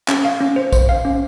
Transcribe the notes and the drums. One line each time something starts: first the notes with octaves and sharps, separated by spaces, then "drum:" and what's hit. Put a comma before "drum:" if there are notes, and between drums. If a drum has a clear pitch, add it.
C#4, drum: clap
F5
C#4
C5
C5, drum: kick, tambourine
F5
C#4